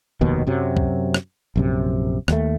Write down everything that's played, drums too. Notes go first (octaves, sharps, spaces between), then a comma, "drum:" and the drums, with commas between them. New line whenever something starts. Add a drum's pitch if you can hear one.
F1 D#2 B2 D#3
F#2 C3 F#3
drum: kick C#2
drum: rim click
A#1 F#2 C3
D#2 G3 A3, drum: rim click